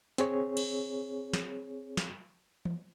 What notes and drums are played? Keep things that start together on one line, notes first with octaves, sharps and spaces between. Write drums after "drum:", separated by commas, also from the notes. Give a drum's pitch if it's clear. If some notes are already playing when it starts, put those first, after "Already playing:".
C4 G#4 C#5, drum: hi-hat
drum: cymbal
drum: snare
drum: snare
drum: tom E3